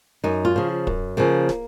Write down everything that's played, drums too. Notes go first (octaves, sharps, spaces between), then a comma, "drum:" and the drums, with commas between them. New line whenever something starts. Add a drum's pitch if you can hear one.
F#2 D#4
F4
C#3 F3
F#2, drum: kick
C#3 F3 A#3
drum: snare